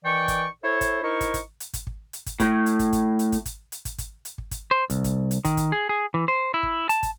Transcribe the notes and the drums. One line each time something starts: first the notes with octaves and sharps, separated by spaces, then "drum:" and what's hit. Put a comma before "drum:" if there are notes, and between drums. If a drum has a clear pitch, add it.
D#3 E3 D5 G5 C#6
drum: kick, hi-hat
E4 A4 C5 C#5
drum: kick, hi-hat
D#4 E4 A#4 C5 C#6
drum: kick, hi-hat
drum: kick, hi-hat
drum: hi-hat
drum: kick, hi-hat
drum: kick
drum: hi-hat
drum: kick, hi-hat
A2, drum: kick, hi-hat
drum: hi-hat
drum: kick, hi-hat
drum: kick, hi-hat
drum: hi-hat
drum: kick, hi-hat
drum: kick, hi-hat
drum: hi-hat
drum: kick, hi-hat
drum: kick, hi-hat
drum: hi-hat
drum: kick
drum: kick, hi-hat
C5
C2, drum: kick, hi-hat
drum: kick, hi-hat
drum: hi-hat
D#3, drum: kick, hi-hat
drum: kick, hi-hat
G#4
G#4
E3
C5
E4
drum: kick
A5, drum: hi-hat
drum: kick, hi-hat